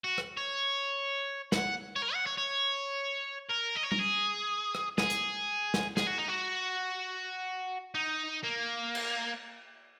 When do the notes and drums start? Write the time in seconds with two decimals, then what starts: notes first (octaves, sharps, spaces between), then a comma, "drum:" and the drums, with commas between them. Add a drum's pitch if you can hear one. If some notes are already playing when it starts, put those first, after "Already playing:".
0.04 F#4
0.18 drum: rim click
0.37 C#5
1.52 F#5, drum: snare
1.96 C#5
2.02 A#4
2.14 F#5
2.27 C#5
2.38 C#5
3.50 A#4
3.76 D#5
3.84 C#5
3.92 A#4, drum: tom
4.00 G#4
4.75 drum: rim click
4.98 G#4, drum: snare
5.10 drum: hi-hat
5.74 drum: snare
5.97 G#4, drum: snare
6.07 F#4
6.18 D#4
6.29 F#4
7.95 D#4
8.44 A#3
8.95 drum: cymbal